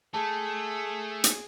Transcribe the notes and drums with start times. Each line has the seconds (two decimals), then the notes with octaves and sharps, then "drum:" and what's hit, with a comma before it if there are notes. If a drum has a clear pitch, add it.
0.14 A3 G#4 A5
1.24 drum: hi-hat